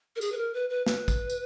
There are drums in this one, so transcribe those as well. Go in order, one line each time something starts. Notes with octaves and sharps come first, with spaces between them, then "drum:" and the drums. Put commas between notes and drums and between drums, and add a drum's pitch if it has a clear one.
A#4
G#4, drum: tambourine
B4
A#4
B4
B4
B4, drum: snare
drum: kick, tambourine
drum: tambourine